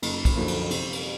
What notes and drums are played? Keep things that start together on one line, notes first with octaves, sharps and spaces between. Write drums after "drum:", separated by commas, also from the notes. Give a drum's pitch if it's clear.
F#1, drum: cymbal
drum: kick, cymbal
F#2 D3 F3 A#3
drum: cymbal
C3, drum: cymbal
drum: cymbal